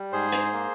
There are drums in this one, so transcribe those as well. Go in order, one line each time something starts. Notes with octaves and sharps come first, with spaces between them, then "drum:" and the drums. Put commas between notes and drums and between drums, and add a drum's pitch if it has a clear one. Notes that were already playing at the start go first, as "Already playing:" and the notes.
Already playing: G3
G#2 G#4 C5
drum: hi-hat
A#3